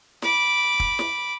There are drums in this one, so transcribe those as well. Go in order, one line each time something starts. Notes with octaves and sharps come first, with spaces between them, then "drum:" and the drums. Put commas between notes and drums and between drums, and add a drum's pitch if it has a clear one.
B5 D6, drum: snare
drum: kick
drum: snare